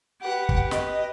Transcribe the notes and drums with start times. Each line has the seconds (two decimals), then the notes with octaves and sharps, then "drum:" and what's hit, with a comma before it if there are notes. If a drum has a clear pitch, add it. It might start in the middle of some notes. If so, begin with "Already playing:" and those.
0.21 G4 B4 F#5
0.49 drum: kick
0.71 D#5, drum: snare